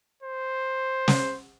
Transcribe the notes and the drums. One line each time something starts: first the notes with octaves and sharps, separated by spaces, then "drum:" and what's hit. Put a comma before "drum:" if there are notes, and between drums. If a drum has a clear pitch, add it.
C5
drum: snare